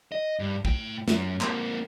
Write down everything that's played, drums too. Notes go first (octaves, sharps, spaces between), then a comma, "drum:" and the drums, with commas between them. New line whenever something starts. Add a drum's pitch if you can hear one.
D#5
G2
A2 G5, drum: kick
F#2, drum: snare
A#3 C4, drum: clap